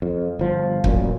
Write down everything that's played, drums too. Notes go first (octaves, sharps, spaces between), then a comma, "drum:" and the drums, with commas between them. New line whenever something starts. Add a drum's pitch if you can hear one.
F2
G1 F3
A1 F#2 A#2, drum: kick